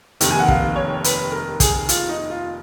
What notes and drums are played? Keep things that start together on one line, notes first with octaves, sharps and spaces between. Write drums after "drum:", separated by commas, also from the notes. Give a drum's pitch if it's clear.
F1 D#2 D#3, drum: hi-hat
G#5
F#5
F5, drum: kick
C#5
B4, drum: hi-hat
A#4
G#4, drum: kick, hi-hat
F4, drum: hi-hat
D#4
F4